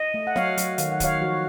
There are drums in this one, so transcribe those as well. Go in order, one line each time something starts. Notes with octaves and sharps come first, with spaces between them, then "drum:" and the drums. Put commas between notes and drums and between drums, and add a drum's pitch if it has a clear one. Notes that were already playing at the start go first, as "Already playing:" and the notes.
Already playing: D#5
A3
F#5
F#3 C#5 F5, drum: snare
F#3, drum: hi-hat
D#3 F5, drum: hi-hat
F#5
D#3 C#5 F5, drum: kick C#1, hi-hat
F3 F#4